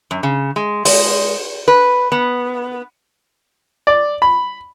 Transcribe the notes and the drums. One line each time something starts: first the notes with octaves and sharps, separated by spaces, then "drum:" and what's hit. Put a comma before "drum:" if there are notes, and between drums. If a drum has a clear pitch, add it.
F#2
C#3
G#3
G#3, drum: open hi-hat
B4
B3
D5
B5